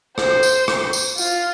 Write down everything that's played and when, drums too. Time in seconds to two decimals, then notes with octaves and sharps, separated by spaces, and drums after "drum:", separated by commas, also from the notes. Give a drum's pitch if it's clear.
0.18 C5, drum: rim click
0.43 drum: tambourine
0.68 drum: rim click
0.93 drum: tambourine
1.18 F4, drum: tambourine